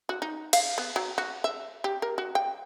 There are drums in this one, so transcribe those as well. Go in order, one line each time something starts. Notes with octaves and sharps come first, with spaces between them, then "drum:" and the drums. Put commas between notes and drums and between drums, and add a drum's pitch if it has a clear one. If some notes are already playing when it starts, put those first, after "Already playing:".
F#4
D#4
F5, drum: cymbal
B3
F#3
F#4
E5
G4
A#4
F#4
G5